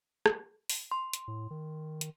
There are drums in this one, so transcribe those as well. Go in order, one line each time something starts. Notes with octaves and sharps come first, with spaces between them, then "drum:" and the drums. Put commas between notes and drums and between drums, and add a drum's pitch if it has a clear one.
drum: rim click
drum: open hi-hat
C6
drum: hi-hat
A2
D#3
drum: hi-hat